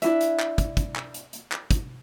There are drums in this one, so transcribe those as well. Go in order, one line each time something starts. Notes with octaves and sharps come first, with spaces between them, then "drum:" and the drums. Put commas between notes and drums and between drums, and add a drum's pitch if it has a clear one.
D4 E4 F#4 E5, drum: hi-hat
drum: hi-hat
drum: clap
drum: kick, hi-hat
drum: kick, hi-hat
drum: clap
drum: hi-hat
drum: hi-hat
drum: clap
drum: kick, hi-hat